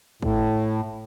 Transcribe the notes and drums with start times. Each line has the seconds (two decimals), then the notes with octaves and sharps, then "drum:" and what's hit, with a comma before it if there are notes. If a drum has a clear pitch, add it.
0.22 A2, drum: kick